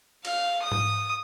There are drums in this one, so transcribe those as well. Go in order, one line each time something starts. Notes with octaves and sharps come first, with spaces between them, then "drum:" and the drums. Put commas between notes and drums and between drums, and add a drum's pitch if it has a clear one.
F5, drum: cymbal
D#6
drum: tom G#2